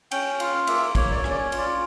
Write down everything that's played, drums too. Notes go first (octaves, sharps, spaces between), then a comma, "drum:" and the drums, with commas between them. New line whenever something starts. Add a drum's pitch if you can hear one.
C#4 G5, drum: cymbal
F4 F5, drum: cymbal
A#3 E5, drum: cymbal
A#3 C#5, drum: kick, cymbal
D5
C#5
C#4, drum: rim click
D5
C#5
F4, drum: cymbal
D5